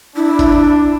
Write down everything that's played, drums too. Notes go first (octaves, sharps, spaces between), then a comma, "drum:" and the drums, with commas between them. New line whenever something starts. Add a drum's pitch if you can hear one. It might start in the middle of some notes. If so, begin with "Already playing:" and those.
D4 E4
drum: kick G1, hi-hat